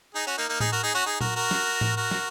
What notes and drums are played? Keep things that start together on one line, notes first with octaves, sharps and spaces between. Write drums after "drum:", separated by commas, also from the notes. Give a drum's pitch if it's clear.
D#4 G#4
C#4 F#4
A#3 D#4
A#3 D#4
D#4 G#4, drum: tom A2
F#4 A#4
D#4 G#4
C#4 F#4
D#4 G#4
F#4 A#4, drum: tom A#2
F#4 A#4
drum: snare
drum: tom A2
F#4 A#4
drum: snare